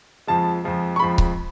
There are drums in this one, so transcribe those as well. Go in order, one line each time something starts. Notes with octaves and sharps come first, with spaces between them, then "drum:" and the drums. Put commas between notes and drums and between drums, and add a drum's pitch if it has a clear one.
F2 F3 G#3 A5
F2 F3 G#3
C#6
F2 F3 G#3 B5
drum: kick C#1